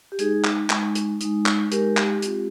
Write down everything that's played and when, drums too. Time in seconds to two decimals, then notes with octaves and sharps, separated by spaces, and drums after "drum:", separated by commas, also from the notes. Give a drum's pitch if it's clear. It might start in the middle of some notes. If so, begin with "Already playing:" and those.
0.12 G4
0.19 G#3 D#4 G#4, drum: hi-hat
0.44 drum: clap
0.70 G#3 D#4, drum: clap
0.95 drum: hi-hat
1.20 G#3 D#4, drum: hi-hat
1.46 drum: clap
1.71 G#3 D#4 G4 A#4, drum: hi-hat
1.97 G4, drum: clap
2.22 G#3 C4 F4, drum: hi-hat